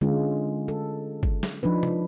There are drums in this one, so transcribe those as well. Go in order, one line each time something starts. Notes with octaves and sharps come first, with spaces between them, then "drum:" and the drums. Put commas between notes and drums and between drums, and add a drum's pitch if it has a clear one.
D3 G#3 C#4 F4
A4
drum: kick G1
drum: snare
F3 D4 D#4 B4
drum: tom C3